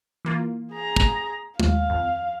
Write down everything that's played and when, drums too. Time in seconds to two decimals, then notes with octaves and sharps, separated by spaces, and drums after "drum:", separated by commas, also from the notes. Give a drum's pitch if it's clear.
0.25 E3 A#3 F4
0.72 G#4 A#5
0.96 drum: kick
1.60 D#2 F5, drum: tom
1.90 F2